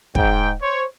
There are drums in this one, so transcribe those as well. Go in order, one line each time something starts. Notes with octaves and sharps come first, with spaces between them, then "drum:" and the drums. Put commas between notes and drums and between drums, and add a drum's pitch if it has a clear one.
G#2 G5, drum: kick
C5 C#5